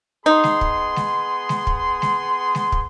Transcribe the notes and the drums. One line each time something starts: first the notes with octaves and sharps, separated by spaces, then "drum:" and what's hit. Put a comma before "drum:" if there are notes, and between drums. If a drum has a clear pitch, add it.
B3 D#4 G#4 C6
drum: snare G#3
drum: kick
drum: snare G#3
drum: snare G#3
drum: kick
drum: snare G#3
drum: snare G#3
drum: kick